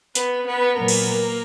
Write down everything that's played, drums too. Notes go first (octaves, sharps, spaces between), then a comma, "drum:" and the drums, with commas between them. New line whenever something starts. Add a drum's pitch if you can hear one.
B3 B4, drum: hi-hat
B3 B4
A#2 F#3 A#3 B3 A#4
drum: cymbal